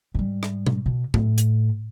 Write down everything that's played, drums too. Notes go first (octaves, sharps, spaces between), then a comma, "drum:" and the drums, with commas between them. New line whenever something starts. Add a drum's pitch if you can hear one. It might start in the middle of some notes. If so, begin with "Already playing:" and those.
G#2 G3
drum: rim click
drum: tom B2
B2
A2, drum: tom A2
drum: hi-hat